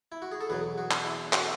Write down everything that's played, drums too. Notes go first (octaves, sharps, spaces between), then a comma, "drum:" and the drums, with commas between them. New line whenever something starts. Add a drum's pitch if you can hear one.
E4
F#4
G#4
A4
E2 B2 F#3 G#4 B4
F#4
drum: clap
E4
F#4, drum: clap